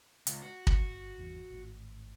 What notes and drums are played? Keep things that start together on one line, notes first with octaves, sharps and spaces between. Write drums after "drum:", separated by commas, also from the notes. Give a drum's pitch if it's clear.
C#2, drum: hi-hat
F#4
drum: kick
G1
G#1 E2 E3
G#1 A2